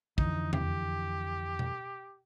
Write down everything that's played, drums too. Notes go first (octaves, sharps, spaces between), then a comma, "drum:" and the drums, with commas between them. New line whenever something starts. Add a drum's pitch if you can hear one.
F2 D3 E3 D#4, drum: kick
G4, drum: tom E2
drum: tom B2